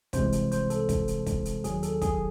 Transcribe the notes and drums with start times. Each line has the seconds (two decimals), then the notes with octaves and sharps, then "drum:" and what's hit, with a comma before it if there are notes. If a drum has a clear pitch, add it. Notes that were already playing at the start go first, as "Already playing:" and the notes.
0.13 C2 C3 E3 G#3 C5, drum: kick, hi-hat
0.32 drum: hi-hat
0.52 C5, drum: hi-hat
0.70 A4, drum: hi-hat
0.89 drum: kick, hi-hat
1.08 drum: hi-hat
1.27 drum: kick, hi-hat
1.45 drum: hi-hat
1.64 D#2 D#3 F#3 G#4, drum: hi-hat
1.83 A4, drum: hi-hat
2.02 G#4, drum: kick, hi-hat